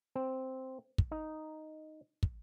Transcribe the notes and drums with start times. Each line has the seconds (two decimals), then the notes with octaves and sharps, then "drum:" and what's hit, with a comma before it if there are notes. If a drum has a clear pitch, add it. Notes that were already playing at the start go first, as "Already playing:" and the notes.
0.16 C4
0.98 drum: kick
1.12 D#4
2.23 drum: kick